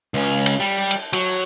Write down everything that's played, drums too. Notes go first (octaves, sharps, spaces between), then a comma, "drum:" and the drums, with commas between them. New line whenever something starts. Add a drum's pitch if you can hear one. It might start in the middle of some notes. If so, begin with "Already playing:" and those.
C#2 C#4
drum: cymbal
G3
drum: cymbal
F#3, drum: cymbal